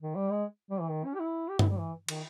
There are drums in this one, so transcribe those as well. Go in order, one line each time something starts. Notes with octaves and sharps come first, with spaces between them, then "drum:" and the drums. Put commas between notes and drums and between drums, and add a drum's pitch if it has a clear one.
D#3
G3
G#3
G3
E3
D#3
C#4
G4
E4
G4
E4, drum: tom G2
G3
E3
D#3, drum: cymbal